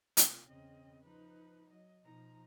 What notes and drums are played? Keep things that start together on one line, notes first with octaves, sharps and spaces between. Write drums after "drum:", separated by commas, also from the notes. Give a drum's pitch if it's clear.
C3 A#3 F4, drum: hi-hat
E2 C#3 C4 D#5
F3 D#4 B4
F#3 D#5
B2 F3 D#4 A#5